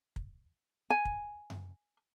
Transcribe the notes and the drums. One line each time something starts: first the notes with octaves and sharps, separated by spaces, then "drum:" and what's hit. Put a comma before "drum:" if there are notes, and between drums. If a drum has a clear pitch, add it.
drum: kick
G#5
drum: kick
drum: tom F#2